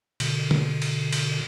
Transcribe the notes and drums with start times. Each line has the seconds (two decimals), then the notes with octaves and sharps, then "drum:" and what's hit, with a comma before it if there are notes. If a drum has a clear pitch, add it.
0.20 B2 D3, drum: cymbal
0.51 drum: tom D3
0.82 drum: cymbal
1.13 drum: cymbal